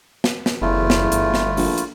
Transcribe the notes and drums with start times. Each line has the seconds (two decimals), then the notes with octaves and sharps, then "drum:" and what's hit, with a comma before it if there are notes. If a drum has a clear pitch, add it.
0.24 drum: snare
0.46 drum: snare
0.61 F#1 E2 A3 E4 F4
0.90 drum: snare
1.12 G1, drum: hi-hat
1.34 drum: snare
1.57 A#1, drum: open hi-hat
1.78 drum: hi-hat